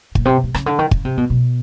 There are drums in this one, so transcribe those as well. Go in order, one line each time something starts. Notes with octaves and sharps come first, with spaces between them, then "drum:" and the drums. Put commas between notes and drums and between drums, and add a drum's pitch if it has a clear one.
A#2, drum: kick
C3
C3
C#3, drum: rim click
D3
D#3
C#3, drum: kick
C3
B2
B2